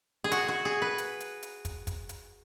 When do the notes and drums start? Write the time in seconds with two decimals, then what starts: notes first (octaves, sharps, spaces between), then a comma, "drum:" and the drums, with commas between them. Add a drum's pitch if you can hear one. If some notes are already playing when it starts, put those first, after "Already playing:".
0.24 G#4
0.32 F#4, drum: hi-hat
0.48 F#4
0.65 G#4
0.82 B4
0.98 drum: hi-hat
1.20 drum: hi-hat
1.43 drum: hi-hat
1.65 drum: kick, hi-hat
1.87 drum: kick, hi-hat
2.09 drum: hi-hat